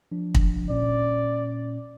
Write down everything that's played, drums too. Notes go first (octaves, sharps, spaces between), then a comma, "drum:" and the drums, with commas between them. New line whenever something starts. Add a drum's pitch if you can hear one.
F3 D4
drum: kick
A#2 C#4 D5